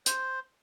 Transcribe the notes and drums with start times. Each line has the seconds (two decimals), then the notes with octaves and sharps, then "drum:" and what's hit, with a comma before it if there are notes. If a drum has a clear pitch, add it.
0.06 C5, drum: hi-hat